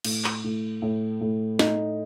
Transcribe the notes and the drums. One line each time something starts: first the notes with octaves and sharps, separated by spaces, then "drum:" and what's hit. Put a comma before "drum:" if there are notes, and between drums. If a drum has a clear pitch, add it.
A2, drum: cymbal
drum: clap
A2
A2
A2
D#4, drum: snare